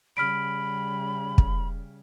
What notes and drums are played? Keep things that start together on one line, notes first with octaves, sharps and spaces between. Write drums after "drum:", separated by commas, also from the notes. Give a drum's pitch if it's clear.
C#3 G3 B5 F6 B6 D7
drum: kick